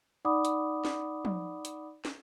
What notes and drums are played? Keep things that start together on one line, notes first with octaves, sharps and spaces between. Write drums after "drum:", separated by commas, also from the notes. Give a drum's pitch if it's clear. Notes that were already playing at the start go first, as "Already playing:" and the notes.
D#4 D5 F#5 B5 D6 D#6
drum: hi-hat
drum: snare
drum: tom F3
drum: hi-hat
drum: snare